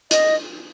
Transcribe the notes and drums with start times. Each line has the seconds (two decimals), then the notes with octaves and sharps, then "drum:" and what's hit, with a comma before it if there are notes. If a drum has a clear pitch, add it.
0.11 D#5, drum: hi-hat